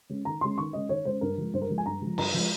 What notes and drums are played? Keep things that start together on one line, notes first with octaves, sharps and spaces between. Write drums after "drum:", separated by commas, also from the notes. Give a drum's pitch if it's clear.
G#3 C#4
D#3 A#5
G#3 C#4 C6
D#3 C#6
G#3 C#4 D#5
D#3 C#5
G#3 C#4 C5
G2 A#4
F3 G#3
G2 C5
A#4
F3 G#3
G#5
G2 A#5
F3 G#3
G2 A#5, drum: cymbal
F3 G#3